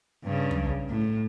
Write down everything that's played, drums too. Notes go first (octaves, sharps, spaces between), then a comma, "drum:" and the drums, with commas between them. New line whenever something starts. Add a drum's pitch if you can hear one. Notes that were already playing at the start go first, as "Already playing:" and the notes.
G2 C#3
drum: tom
A2